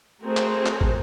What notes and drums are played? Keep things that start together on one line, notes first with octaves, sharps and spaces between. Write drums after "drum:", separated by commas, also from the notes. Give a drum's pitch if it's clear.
A3 C4 F#4 G#4 A#4 C5
drum: clap
drum: clap
drum: kick